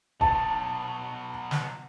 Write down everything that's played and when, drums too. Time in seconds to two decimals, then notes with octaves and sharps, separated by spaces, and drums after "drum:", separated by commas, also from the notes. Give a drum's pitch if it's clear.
0.21 B2 F#3 A5, drum: kick D1
1.51 drum: snare